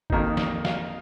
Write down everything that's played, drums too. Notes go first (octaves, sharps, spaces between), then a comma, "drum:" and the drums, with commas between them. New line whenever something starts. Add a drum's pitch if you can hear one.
F2 D#3 A#3 D#4, drum: kick G#1
drum: snare
F5, drum: snare